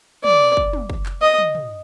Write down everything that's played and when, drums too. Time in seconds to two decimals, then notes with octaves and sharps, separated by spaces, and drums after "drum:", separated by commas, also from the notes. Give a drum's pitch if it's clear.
0.25 D5, drum: tom
0.57 drum: kick
0.73 drum: tom
0.90 drum: kick
1.06 drum: clap
1.22 D#5
1.38 drum: tom
1.55 drum: tom